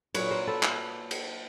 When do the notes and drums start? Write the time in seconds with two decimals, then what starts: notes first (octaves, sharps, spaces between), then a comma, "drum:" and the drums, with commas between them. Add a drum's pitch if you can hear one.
0.14 A#2 F#3 B4 C#5, drum: cymbal
0.31 A#4 C5
0.47 A4 B4
0.63 drum: clap
1.11 drum: cymbal